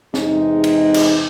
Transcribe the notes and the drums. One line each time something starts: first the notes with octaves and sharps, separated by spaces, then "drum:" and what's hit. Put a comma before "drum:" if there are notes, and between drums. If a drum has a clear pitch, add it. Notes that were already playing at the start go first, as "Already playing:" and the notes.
E2 C3 E3 G#3 D#4, drum: snare C4
drum: cymbal
drum: cymbal